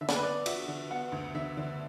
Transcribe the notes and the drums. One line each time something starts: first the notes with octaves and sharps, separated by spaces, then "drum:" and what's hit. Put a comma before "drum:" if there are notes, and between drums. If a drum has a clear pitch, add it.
D3 E5
D5, drum: snare
B4
B3 D5
F#4 E5, drum: cymbal
D3
B3 F#5
D2
D3 E5
D3